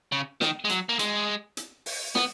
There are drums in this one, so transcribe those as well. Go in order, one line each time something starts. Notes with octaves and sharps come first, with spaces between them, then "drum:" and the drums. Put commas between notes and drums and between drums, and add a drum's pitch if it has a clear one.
C#3
D#3, drum: snare
G#3
F#3, drum: hi-hat
A#3
G#3, drum: hi-hat
drum: hi-hat
drum: open hi-hat
B3, drum: snare